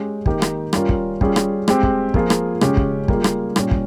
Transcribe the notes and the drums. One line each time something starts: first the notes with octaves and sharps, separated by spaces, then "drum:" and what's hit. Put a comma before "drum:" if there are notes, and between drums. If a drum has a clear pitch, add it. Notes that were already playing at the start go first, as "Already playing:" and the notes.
Already playing: G#3 C#4 G4
D#3 A#3 D#4 G4 A#4, drum: kick
drum: rim click
G3 C#4 F4 A#4, drum: rim click
drum: kick
G3 C#4 F4 G#4, drum: kick
drum: rim click
G#3 C4 G4, drum: rim click
drum: kick
F3 A#3 F4 G#4, drum: kick
drum: rim click
C#3 G#3 C#4 G4, drum: rim click
drum: kick
G3 A#3 F4 G#4, drum: kick
drum: rim click
A#2 G3 C#4, drum: rim click
drum: kick